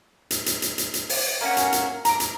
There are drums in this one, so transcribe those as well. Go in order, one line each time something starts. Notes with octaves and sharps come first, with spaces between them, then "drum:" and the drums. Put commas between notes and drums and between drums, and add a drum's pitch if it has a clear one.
drum: hi-hat
drum: hi-hat
drum: hi-hat
drum: hi-hat
drum: hi-hat
drum: open hi-hat
A#3 C#4 F#4
drum: hi-hat
drum: hi-hat
A#5 D6, drum: hi-hat
drum: hi-hat